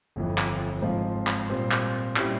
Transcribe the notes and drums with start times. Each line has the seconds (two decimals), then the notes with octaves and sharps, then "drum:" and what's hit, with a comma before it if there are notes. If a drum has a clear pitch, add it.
0.16 G1 F2 E3
0.38 drum: clap
0.82 G#2 F3 C4 F4
1.27 drum: clap
1.49 A#2 G3 C4 F4 C5
1.71 drum: clap
2.16 A#2 G3 C#4 E4 G4, drum: clap